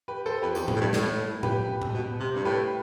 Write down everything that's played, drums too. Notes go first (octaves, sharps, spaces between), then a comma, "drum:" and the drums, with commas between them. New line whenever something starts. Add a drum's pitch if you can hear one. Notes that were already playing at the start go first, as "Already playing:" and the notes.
G4 B4
A4 C5
F2 G4 B4
E2, drum: tambourine
F2, drum: tom A2
A2
G2
A2, drum: snare
G4 B4, drum: tom A2
drum: tom A2
B2
C3
G2
A2 G4 B4